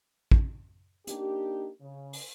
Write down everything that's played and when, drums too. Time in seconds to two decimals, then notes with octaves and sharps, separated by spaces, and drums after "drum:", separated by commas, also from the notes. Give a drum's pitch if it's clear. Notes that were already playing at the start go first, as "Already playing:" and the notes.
0.32 drum: kick
1.07 A#3 D4 D#4 G4, drum: hi-hat
1.81 C#3
2.13 drum: open hi-hat